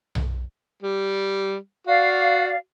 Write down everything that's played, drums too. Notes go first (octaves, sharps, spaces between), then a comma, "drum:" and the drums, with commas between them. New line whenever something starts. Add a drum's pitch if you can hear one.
drum: tom B1
G3
F#4 D5 F5